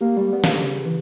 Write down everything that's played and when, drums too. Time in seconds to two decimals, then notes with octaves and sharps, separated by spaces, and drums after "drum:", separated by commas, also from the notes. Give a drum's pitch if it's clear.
0.01 A#3 G4
0.17 G3 G4
0.33 B3
0.44 A#3, drum: snare
0.53 D3
0.64 C#3
0.85 E3